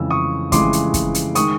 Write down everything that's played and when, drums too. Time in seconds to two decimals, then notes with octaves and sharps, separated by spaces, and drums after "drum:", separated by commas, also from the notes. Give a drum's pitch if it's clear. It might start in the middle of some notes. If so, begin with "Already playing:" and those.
Already playing: F2 C#3 E3 G#3 E6
0.11 C#6 D#6
0.52 F2 C#3 E3 G#3 C6 D6, drum: kick, hi-hat
0.73 drum: hi-hat
0.94 drum: kick, hi-hat
1.15 drum: hi-hat
1.35 D#3 G#3 C#6 D#6, drum: hi-hat